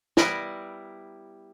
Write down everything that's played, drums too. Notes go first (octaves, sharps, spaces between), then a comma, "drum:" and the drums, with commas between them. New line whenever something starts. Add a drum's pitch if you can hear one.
G3 B3 E4 A#4 B4, drum: snare